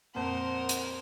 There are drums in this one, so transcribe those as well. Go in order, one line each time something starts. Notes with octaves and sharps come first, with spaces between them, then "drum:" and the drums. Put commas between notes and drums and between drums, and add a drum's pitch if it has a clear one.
F2 A#2 A#4 C5 F#5
drum: hi-hat